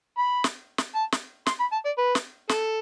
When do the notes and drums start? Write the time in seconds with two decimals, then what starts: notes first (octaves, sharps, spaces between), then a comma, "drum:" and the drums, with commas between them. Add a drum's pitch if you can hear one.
0.18 B5
0.44 drum: snare
0.78 drum: snare
0.95 A5
1.12 drum: snare
1.46 C6, drum: snare
1.60 B5
1.72 A5
1.85 D5
1.98 B4
2.15 drum: snare
2.49 A4, drum: snare